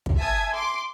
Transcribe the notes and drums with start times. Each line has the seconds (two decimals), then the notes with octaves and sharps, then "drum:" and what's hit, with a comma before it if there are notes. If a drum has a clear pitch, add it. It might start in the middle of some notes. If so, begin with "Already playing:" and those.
0.06 drum: kick
0.17 E5 G#5 A5 D#6 G#6
0.53 C6 D6